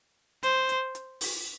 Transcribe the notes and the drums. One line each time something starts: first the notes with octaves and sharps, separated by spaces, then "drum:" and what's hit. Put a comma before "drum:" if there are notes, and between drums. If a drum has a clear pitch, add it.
C5, drum: hi-hat
drum: hi-hat
drum: hi-hat
drum: open hi-hat